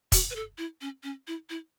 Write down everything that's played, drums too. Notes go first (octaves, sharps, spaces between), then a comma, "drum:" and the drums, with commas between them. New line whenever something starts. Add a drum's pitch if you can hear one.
F#4, drum: kick, hi-hat
B4
A4
E4
C#4
C#4
E4
E4